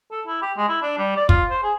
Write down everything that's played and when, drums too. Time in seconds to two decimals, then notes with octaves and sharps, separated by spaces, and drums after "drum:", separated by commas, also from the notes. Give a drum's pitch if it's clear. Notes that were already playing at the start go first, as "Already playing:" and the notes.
0.11 A4
0.27 E4
0.42 G4
0.57 G#3
0.69 E4
0.82 D4
0.98 G3
1.16 D5
1.29 F4, drum: kick
1.50 C5
1.63 G#4